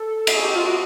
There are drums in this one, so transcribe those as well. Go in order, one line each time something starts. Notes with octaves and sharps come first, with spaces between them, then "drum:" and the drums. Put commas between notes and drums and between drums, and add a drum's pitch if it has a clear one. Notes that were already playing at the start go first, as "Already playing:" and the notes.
Already playing: A4
drum: cymbal
G#4
G4
F4
F#4